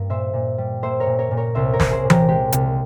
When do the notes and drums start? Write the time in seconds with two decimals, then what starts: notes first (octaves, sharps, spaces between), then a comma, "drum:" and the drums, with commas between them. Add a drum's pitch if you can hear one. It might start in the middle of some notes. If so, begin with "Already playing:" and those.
Already playing: G2 A#3 A#4
0.09 A#2 C5 E5
0.33 A#2
0.58 G3
0.82 A#3 C5 E5
1.00 A#4 C#5
1.06 A#2
1.19 A#4 C#5
1.31 A#2
1.37 A#4 C#5
1.55 C2 C5 E5
1.73 A#4 C#5
1.80 C2, drum: snare
1.91 G#4 C5
2.04 A#2
2.10 G4 A#4, drum: tom E3
2.28 G#3 G4
2.52 C2, drum: hi-hat